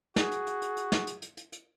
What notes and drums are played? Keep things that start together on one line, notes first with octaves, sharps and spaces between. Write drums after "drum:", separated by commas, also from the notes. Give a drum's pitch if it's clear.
F#4 G#4, drum: snare
drum: hi-hat
drum: hi-hat
drum: hi-hat
drum: hi-hat
drum: snare
drum: hi-hat
drum: hi-hat
drum: hi-hat
drum: hi-hat